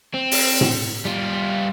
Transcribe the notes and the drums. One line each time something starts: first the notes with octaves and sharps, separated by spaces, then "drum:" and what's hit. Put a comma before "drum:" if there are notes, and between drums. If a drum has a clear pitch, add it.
C4
drum: open hi-hat
drum: tom A2
G3 F4